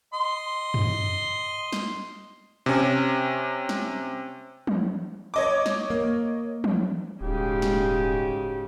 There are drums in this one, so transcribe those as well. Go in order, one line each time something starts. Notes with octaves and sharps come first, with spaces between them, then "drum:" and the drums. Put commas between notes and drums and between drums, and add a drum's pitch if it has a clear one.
D#5 C6
drum: tom
drum: snare
C3 C#4
drum: snare
drum: tom
C#5 D#5 D6
drum: snare
A#3
drum: tom
D#1 G#2 C#3 D#4 F#4 G4
drum: snare